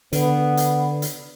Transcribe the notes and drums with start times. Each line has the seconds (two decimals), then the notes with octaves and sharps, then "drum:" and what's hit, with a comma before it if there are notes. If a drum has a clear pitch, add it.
0.13 D3 B3, drum: hi-hat
0.57 drum: hi-hat
1.02 drum: hi-hat